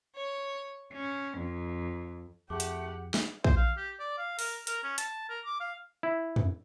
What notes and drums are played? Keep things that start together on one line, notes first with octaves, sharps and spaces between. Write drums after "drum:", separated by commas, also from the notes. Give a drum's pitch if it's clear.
C#5
C#4
F2
F2 A3 G4 G#4 F#5 D6
drum: hi-hat
drum: snare
C5, drum: kick
F5
G4
D5
F5
A#4, drum: open hi-hat
A#4, drum: hi-hat
C#4
A5, drum: hi-hat
A#4
D6
F5
E4
drum: tom